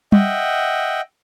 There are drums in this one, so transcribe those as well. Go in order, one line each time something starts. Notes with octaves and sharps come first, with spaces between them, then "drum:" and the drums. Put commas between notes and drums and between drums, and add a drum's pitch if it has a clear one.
D#5 E5 F#5 G5, drum: tom G3